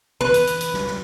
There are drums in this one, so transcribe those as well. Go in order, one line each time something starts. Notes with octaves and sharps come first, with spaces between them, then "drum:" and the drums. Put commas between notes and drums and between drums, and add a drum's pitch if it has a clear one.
B4, drum: tom E3
drum: hi-hat
drum: hi-hat
drum: hi-hat
drum: snare
drum: snare